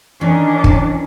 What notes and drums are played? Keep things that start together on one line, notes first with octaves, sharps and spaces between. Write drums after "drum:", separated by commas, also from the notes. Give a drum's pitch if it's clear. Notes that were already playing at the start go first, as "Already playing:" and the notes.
D#3 E3 C#4 D4
drum: kick